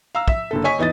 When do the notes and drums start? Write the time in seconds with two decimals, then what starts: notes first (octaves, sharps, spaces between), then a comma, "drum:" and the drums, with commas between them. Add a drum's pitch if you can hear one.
0.15 F5 A#5 E6
0.28 E5, drum: kick
0.51 F#1 D3 A4
0.64 C#5 D#5 G#5 C#6 B6
0.78 E2 E3 D#4 D#5 A6